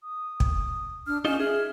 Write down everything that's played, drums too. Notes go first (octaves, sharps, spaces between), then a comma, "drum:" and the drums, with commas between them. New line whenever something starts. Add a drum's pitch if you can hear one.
D#6
drum: kick
D4 F6
C#4 D#4 F4 D#5 E7
G#4 E5 F6